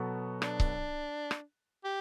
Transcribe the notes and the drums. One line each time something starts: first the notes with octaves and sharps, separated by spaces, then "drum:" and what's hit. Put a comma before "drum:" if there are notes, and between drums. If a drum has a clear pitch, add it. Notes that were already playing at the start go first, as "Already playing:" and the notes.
Already playing: B2 F#3 B3 F#4 A4
D4, drum: rim click
drum: kick C#1
drum: rim click
G4